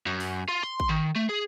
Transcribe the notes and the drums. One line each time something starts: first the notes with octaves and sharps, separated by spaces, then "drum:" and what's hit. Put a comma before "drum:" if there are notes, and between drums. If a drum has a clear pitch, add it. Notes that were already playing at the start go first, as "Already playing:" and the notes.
F#2
drum: open hi-hat
F4
C6
drum: kick
D#3
A3
G#4